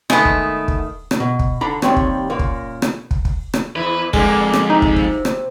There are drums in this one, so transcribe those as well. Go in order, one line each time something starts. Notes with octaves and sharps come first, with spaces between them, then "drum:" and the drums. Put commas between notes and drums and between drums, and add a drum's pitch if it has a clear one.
D#3 G#3 A3 B3, drum: rim click
drum: kick
drum: kick
drum: rim click
B2
drum: kick
D3 D4 A#5 B5
D#2 G3 C4 C#5, drum: rim click
drum: kick
F#2 A#2 A#3
drum: kick
drum: rim click
drum: kick
drum: kick
drum: rim click
E2 E4 B4
F2 D3 G#3 A#3, drum: kick
drum: rim click
C3 D#4
drum: kick
drum: kick
drum: rim click